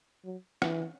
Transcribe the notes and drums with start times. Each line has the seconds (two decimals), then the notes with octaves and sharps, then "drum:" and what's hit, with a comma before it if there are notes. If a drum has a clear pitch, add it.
0.25 F#3
0.62 E3, drum: rim click